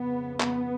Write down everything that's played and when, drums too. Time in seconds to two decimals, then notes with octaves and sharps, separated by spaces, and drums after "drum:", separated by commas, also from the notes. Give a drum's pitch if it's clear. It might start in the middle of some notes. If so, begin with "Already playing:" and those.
Already playing: F2 C#3 B3
0.40 B3, drum: clap